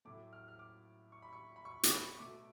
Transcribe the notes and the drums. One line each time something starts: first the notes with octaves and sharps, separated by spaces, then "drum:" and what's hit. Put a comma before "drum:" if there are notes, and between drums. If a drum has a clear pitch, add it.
A2 F#3 A3 D6
F6
F6
D6
C#6
B5
C#6
B5
C#6
D6, drum: hi-hat
B5
C#6
B2 A3 D6